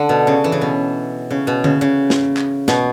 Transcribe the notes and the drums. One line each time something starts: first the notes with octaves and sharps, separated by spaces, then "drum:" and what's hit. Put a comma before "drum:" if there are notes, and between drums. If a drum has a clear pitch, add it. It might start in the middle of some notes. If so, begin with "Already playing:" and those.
Already playing: D3
B2
C#3
E3
C#3
B2
C#3
B2
C#3, drum: tom D3
C#3
drum: snare
drum: clap
B2, drum: snare